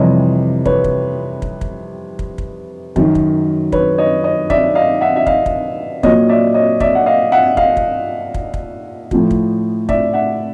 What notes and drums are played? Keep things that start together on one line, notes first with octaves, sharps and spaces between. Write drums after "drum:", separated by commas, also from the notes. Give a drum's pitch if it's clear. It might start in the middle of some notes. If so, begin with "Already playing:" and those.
Already playing: F2 C3 E3 G3 C#5 D#5
B4 C#5, drum: kick
drum: kick
drum: kick
drum: kick
drum: kick
drum: kick
F#2 D#3 F#3, drum: kick
drum: kick
B4 C#5, drum: kick
C#5 D#5
C#5 D#5
D5 E5, drum: kick
D#5 F5
E5 F#5
E5
D#5 F5, drum: kick
drum: kick
A#2 F#3 C#5 D#5, drum: kick
D5 E5
C#5 D#5
D5 E5, drum: kick
F#5
D#5 F5
E5 F#5
D#5 F5, drum: kick
drum: kick
drum: kick
drum: kick
A2 F3, drum: kick
drum: kick
D5 E5, drum: kick
E5 F#5